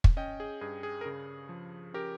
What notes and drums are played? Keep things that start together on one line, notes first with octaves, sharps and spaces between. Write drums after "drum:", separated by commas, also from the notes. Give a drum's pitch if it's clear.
drum: kick
C#4 D#5 G5
G#4
G2 G#4
G#4
A#4
C#3 G#4
F3
C#4 G4 A#4